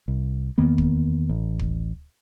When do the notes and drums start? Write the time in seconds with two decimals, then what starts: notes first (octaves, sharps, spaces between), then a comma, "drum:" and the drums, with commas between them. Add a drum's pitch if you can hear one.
0.08 C2
0.58 E2 D#3 A#3 B3
0.78 drum: kick
1.29 A1
1.59 drum: kick